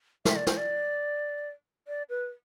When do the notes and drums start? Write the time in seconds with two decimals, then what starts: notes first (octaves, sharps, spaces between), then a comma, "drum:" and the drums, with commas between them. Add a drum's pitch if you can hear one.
0.25 E5, drum: snare
0.36 D5
0.47 C5, drum: snare
0.57 D5
1.88 D5
2.09 B4